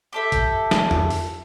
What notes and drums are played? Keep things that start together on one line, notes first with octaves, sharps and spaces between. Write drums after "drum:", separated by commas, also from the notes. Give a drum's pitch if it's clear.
G4 A4 E5
drum: kick, hi-hat
drum: snare
drum: tom E2
drum: open hi-hat